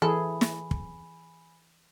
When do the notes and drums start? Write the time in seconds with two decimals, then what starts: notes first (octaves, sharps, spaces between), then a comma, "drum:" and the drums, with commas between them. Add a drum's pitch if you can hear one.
0.02 E3 G#4 A4 G#5 B5
0.41 drum: snare
0.71 drum: kick